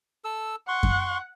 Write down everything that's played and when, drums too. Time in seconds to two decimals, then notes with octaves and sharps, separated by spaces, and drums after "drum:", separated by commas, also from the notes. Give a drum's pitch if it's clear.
0.24 A4 E6
0.68 F#5 C6 C#6
0.83 drum: kick F#2